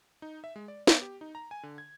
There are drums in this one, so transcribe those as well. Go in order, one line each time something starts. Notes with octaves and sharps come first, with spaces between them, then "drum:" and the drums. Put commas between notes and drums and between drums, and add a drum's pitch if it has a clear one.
D#4
E5
G#3
D5
B3, drum: snare
G4
D#4
A#5
G#5
D3
G#6